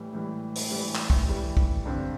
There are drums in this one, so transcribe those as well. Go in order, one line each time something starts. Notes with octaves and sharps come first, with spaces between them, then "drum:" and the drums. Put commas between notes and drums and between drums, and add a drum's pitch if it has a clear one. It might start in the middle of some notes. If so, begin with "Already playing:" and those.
Already playing: A2 E3 G3
A2 E3 G3
drum: open hi-hat
A2 E3 G3
drum: clap
drum: kick
A2 E3 G3
drum: kick
G2 D3 C4